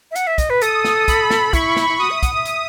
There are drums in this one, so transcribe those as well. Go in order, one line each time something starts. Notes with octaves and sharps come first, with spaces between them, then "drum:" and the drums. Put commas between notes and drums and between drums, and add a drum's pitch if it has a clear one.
E5
F#5, drum: hi-hat
E5
D#5, drum: kick, hi-hat
B4
A4 D#6, drum: hi-hat
drum: snare
B5, drum: kick, hi-hat
drum: snare
E4 C#6, drum: kick, hi-hat
drum: snare
E4
F#4 D#6
E5
F#5, drum: kick, hi-hat
E5
drum: hi-hat